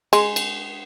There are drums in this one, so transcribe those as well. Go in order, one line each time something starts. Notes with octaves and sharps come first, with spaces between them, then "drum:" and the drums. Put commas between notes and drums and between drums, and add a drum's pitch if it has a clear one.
G#3, drum: cymbal
drum: cymbal